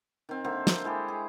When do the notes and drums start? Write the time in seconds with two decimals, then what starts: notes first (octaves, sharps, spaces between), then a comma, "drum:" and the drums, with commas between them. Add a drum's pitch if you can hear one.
0.29 D#3 C4
0.44 D3 A#3 C5 E5
0.67 drum: snare
0.84 G#3 E4 G4 A4
1.08 G#4